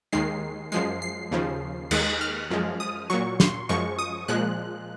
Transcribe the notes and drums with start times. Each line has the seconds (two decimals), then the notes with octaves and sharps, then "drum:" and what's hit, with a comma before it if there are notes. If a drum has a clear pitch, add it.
0.12 D#2 D#3 G#3 C7
0.72 F#2 F3 G#3 C7
1.02 C7
1.32 D#2 C#3 F3
1.91 D#2 D#3 G#3 F#6, drum: cymbal
2.21 F6
2.51 F#2 F3 G#3
2.80 D#6
3.10 A#2 F#3 C#6
3.40 C6, drum: snare
3.69 F#2 F3 G#3 C#6
3.99 D#6
4.28 A#2 F3 G#3 F#6